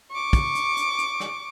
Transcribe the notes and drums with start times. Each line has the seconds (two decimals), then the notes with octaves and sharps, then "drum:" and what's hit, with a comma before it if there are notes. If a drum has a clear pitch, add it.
0.11 C#6 D6
0.33 drum: kick, hi-hat
0.55 drum: hi-hat
0.77 drum: hi-hat
0.98 drum: hi-hat
1.20 drum: rim click